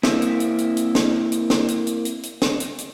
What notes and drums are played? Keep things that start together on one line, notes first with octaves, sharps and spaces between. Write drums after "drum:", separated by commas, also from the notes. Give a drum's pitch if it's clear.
A#3 C4 E4, drum: snare
drum: hi-hat
drum: hi-hat
drum: hi-hat
drum: hi-hat
drum: snare
drum: hi-hat
drum: snare
drum: hi-hat
drum: hi-hat
drum: hi-hat
drum: hi-hat
drum: snare
drum: hi-hat
drum: hi-hat